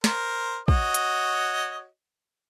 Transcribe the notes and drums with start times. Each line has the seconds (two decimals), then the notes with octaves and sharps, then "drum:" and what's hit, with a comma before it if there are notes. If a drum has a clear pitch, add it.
0.04 A#4 C5, drum: snare
0.68 F#4 C#5 D#5, drum: kick
0.94 drum: hi-hat